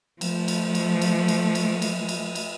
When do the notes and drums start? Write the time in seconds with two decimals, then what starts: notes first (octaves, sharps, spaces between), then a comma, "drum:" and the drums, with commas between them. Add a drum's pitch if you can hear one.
0.21 F3 A3, drum: cymbal
0.48 drum: cymbal
0.75 drum: cymbal
1.02 drum: cymbal
1.28 drum: cymbal
1.55 drum: cymbal
1.82 drum: cymbal
2.09 drum: cymbal
2.35 drum: cymbal